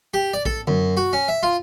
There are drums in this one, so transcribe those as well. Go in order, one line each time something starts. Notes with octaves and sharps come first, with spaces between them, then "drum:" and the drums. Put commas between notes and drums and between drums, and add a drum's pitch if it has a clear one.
G4
D5
A4, drum: kick A#1
F#2, drum: tom D3
F#4
C#4
E5
F4